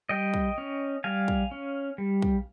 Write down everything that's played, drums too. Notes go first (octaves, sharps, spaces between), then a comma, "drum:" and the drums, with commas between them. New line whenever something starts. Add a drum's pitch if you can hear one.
G3 D#5 G5
drum: kick
C#4
G3 F5 G#5
drum: kick
C#4
G3
drum: kick